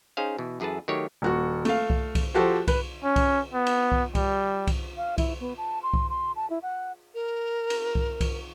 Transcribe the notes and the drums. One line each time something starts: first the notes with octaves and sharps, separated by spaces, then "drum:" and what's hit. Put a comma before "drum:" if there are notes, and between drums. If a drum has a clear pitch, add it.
C#4 D#4 G#4 C5 F5
B2 E3
F#2 E3 G#4 A4 B4 A5
D#3 F#3 A3 G4 C#5
D#1 F#4 C#6
A3 F5, drum: cymbal
drum: kick C2
drum: kick C2, cymbal
F3 F#4 G4 A4 C5
B4, drum: kick C2, cymbal
C#4
drum: kick C2, cymbal
B3
drum: cymbal
drum: kick C2
G3, drum: kick C2, cymbal
drum: kick C2, cymbal
F5
E4, drum: kick C2, cymbal
B3
A5
C6
drum: kick C2
C6
A5
E4
F#5
A#4
drum: cymbal
drum: kick C2
drum: kick C2, cymbal